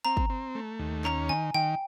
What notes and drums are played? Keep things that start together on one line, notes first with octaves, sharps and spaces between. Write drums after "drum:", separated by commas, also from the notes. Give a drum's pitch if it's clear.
C4 A#5
drum: kick
C4
A3
D#2
C#4 A#5, drum: clap
D#3 G#5
D#3 G5